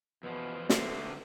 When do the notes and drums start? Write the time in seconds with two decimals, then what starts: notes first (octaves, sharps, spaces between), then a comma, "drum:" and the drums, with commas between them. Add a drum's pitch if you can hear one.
0.23 E2 B2 F3 B3
0.69 D3 A3 C4, drum: snare